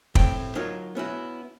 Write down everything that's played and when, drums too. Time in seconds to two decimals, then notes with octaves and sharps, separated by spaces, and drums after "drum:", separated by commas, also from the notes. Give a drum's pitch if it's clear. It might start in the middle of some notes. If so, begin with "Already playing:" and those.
0.15 A2 C4 G5, drum: kick
0.55 F#3 D#4 F4 A#4 C#5
0.95 B3 C#4 E4 F#4